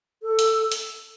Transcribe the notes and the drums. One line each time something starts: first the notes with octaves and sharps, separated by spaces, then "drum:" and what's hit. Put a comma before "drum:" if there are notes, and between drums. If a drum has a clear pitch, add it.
A4
drum: hi-hat
drum: hi-hat